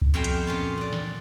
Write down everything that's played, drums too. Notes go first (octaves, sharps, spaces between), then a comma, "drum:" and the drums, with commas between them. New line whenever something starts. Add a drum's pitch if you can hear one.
drum: kick
F2 B2 F#4 F5 G5 G#5
drum: hi-hat
A#2 C#4 F4
D5 F#5
drum: snare